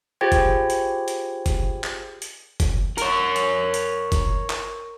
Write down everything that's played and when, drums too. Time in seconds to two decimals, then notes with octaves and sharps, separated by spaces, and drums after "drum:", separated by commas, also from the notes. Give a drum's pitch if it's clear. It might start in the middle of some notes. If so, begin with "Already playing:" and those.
0.21 F4 G4 G#4 C5 G5 G#6
0.32 drum: kick F#1, hi-hat
0.70 drum: hi-hat
1.08 drum: hi-hat
1.46 drum: kick F#1, hi-hat
1.84 drum: clap
2.22 drum: hi-hat
2.60 drum: kick F#1, hi-hat
2.98 A#4 C#5, drum: hi-hat
3.36 drum: hi-hat
3.74 drum: hi-hat
4.12 drum: kick F#1, hi-hat
4.50 drum: clap